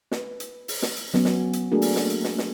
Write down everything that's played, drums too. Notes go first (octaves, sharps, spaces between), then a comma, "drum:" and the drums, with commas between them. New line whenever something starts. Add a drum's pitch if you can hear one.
B4, drum: snare
drum: hi-hat
drum: open hi-hat
drum: snare
drum: hi-hat
F#3 B3 C#4, drum: snare
drum: snare
drum: hi-hat
A3 A#3 D4 F#4 G#4 A#4
drum: open hi-hat
drum: snare
drum: hi-hat
drum: snare
drum: snare